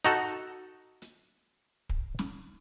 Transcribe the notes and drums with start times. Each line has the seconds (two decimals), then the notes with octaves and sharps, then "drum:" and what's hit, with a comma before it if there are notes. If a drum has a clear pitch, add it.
0.05 D#4 F#4 A4
1.02 drum: hi-hat
1.90 drum: kick
2.19 drum: snare